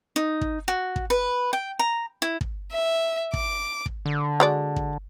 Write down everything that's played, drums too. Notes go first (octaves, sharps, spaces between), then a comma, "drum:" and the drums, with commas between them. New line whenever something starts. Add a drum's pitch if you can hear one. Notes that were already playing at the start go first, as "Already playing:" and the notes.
D#4
drum: kick
F#4
drum: kick
B4
G5
A#5
E4
drum: kick
E5
D6, drum: kick
drum: kick
D3
G#3 F#4 D5
drum: kick